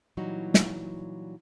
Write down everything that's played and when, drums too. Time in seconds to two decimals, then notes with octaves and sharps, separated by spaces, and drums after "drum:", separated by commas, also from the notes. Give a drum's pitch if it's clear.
0.17 A#2 E3 F#3 G3 D#4 F#4
0.54 drum: snare